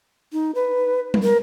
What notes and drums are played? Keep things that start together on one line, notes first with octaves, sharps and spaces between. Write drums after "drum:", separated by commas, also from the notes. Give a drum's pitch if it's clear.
D#4
B4
drum: tom G3
A#4